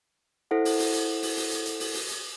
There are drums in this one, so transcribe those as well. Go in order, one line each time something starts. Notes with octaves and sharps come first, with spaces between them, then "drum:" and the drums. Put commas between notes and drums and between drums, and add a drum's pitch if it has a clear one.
E4 A4 C5 F#5
drum: open hi-hat
drum: open hi-hat
drum: hi-hat
drum: open hi-hat
drum: open hi-hat
drum: hi-hat
drum: hi-hat
drum: open hi-hat
drum: open hi-hat
drum: hi-hat